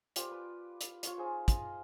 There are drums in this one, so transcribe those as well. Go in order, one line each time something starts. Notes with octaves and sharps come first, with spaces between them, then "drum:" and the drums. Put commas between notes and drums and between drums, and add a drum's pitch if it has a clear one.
F4 G4 C5 D5, drum: hi-hat
B4
drum: hi-hat
F4 C#5 F5, drum: hi-hat
D#4 G#4 C5
D#5, drum: kick, hi-hat